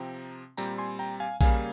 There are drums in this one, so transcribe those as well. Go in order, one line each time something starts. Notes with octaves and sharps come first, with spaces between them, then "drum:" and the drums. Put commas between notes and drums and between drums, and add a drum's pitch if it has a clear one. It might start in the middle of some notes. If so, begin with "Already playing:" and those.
Already playing: C3 F3 C4 G5 A#5
A#2 G3 C4 G5 A#5, drum: tambourine
G#5 C6
G5 A#5
F5 G#5
C#3 G3 A#3 F5 G#5, drum: kick A#1, tambourine